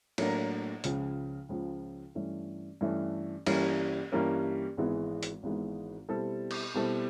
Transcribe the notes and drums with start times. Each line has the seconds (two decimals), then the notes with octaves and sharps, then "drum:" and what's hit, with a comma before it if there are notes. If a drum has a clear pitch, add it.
0.18 A2 F#3 A#3 D4, drum: cymbal
0.84 C#2 C#3 F3, drum: hi-hat
1.49 C#2 C#3 F3
2.15 G2 E3 A3 C#4
2.81 G2 E3 A3 C#4
3.46 G2 E3 G3 A#3 C#4, drum: cymbal
4.12 G2 E3 G3 A#3 C#4
4.77 G#1 G#2 E3 G#3 B3
5.23 drum: hi-hat
5.43 G#1 G#2 E3 G#3 B3
6.09 B2 G3 C4 E4 A4
6.51 drum: cymbal
6.74 B2 G3 C4 E4 A4